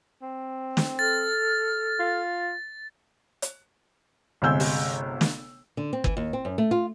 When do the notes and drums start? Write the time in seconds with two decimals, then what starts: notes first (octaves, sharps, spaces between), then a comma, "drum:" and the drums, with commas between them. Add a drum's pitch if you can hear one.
0.22 C4
0.77 drum: snare
0.99 A4 F6 A6
2.00 F4
3.42 drum: hi-hat
4.42 G1 C3 G#3 E6 G6
4.60 drum: open hi-hat
5.21 drum: snare
5.77 D3
5.93 C4
6.04 E3, drum: kick
6.17 D#2
6.33 C4
6.45 F#2
6.58 A3
6.71 F4